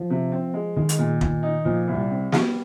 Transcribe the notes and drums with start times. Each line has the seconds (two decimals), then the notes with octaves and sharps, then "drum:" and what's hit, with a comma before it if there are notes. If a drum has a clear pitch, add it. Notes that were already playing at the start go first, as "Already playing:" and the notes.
Already playing: F3
0.10 C3
0.32 C4
0.54 G#3
0.76 D#3 G#3
0.89 drum: hi-hat
0.98 A#2
1.21 A#2, drum: kick
1.43 D#4
1.65 A#2 F3
1.87 C2
1.94 G3
2.10 C4
2.32 G3, drum: snare